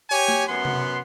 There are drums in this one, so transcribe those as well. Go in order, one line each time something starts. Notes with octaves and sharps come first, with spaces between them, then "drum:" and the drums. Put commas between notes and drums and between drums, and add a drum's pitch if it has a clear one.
G4 C#5 G5 G#5
drum: snare
F#2 B3 F#5 C6
drum: tom C3